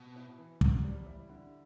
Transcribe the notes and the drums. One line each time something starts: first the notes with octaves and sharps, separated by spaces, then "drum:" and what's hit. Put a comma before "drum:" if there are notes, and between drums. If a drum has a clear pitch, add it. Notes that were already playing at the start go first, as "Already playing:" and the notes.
Already playing: B2
E4
E3
E2, drum: kick
G3
E4
D3